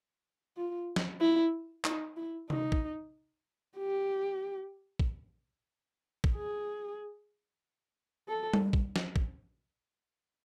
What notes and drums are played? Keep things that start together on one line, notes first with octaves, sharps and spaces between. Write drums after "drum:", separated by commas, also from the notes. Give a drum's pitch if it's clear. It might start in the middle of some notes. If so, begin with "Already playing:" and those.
F4
drum: snare
E4
D#4, drum: clap
E4
D#4, drum: tom C3
drum: kick
G4
drum: kick
drum: kick
G#4
A4
drum: tom G3
drum: kick
drum: snare
drum: kick